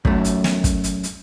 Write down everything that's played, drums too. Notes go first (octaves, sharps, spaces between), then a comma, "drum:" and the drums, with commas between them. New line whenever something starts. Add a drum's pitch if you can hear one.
F#2 A3, drum: kick
drum: hi-hat
drum: snare
drum: kick, hi-hat
drum: hi-hat
drum: hi-hat